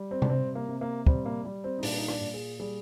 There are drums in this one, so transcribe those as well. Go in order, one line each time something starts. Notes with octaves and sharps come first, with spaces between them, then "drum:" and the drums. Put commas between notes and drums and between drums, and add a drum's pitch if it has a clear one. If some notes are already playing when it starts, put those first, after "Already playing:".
Already playing: G3
C4
D4, drum: tom C3
C3 C4
A#3
C3
A#3
G3 C4, drum: kick
A#3
G3
C4
D#4
A#2 D4, drum: open hi-hat
D#4
D4, drum: rim click
A#2
G#4
G3 G#4